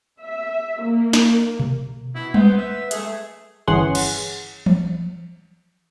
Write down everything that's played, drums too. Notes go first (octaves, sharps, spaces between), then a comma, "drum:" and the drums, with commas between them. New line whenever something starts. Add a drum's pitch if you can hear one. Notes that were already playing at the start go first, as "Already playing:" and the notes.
E5
A#3
drum: snare
drum: tom B2
B2 E4
B4 C5 F#5, drum: tom G3
E5
G#3 G#4 A4 E5, drum: hi-hat
G1 E3 C#4 G#4 F#5 C6
drum: cymbal
drum: tom E3